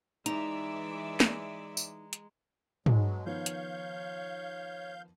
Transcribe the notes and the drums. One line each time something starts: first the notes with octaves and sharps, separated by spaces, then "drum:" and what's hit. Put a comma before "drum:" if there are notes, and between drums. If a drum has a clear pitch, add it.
E3 G#3 D#4 D5 E5 A#5, drum: hi-hat
drum: snare
drum: tambourine
drum: hi-hat
B2 F#3 G#3, drum: tom
D#3 F3 B3 C#5 F5 G6
drum: hi-hat